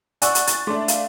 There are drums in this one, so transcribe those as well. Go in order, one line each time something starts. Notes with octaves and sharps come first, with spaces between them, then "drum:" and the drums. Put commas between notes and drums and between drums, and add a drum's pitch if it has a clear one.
D5 F#5 G#5 C#6 E6 F#6, drum: hi-hat
drum: hi-hat
A6, drum: hi-hat
A3 D4 E5 C6 D6
F5, drum: hi-hat